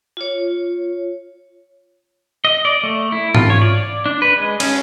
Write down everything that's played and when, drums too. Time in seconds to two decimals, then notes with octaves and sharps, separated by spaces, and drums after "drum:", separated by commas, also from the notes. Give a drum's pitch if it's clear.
0.17 F4 C#5
2.45 D#5
2.65 D5
2.83 A3
3.12 E4
3.35 F4, drum: tom G#2
3.50 C#5
3.62 D5
4.06 D4
4.22 B4
4.36 G#3
4.60 C#4, drum: cymbal